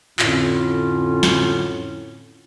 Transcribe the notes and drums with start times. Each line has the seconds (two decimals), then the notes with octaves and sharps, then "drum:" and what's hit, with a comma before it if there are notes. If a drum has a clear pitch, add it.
0.19 F2 A2 D3 C#4 F4, drum: clap
1.23 drum: snare